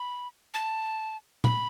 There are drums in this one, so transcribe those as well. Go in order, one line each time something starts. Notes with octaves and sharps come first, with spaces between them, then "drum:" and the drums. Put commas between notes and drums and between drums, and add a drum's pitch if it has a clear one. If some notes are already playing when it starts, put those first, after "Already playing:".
Already playing: B5
A5
B5, drum: tom